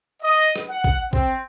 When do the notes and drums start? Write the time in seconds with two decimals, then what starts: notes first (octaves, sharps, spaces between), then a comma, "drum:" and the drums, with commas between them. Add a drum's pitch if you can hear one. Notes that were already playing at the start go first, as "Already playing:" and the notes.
0.23 D#5
0.56 drum: rim click
0.70 F#5
0.84 drum: kick A1
1.13 C4, drum: kick A1